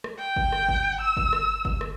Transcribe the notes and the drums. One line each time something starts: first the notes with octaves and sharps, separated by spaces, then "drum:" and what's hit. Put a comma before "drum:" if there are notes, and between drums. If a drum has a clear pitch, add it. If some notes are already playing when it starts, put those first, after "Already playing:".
drum: rim click
G5
drum: kick G1
drum: rim click
drum: kick G1
E6
drum: kick G1
drum: rim click
drum: kick G1
drum: rim click